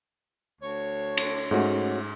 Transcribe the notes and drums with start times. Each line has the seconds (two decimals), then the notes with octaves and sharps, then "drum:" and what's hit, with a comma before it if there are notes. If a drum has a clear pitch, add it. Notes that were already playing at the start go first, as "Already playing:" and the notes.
0.61 D2 C#5
1.17 drum: cymbal
1.51 G#2 A3 C#4 F#4